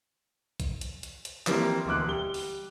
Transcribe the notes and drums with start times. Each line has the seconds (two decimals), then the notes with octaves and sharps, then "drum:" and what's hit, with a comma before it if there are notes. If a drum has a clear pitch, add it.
0.60 drum: kick, hi-hat
0.81 drum: hi-hat
1.03 drum: hi-hat
1.25 drum: hi-hat
1.47 E3 F3 G3 A#3 C4, drum: clap
1.85 E1 D2 D6 F#6
2.08 G3 G7
2.34 drum: open hi-hat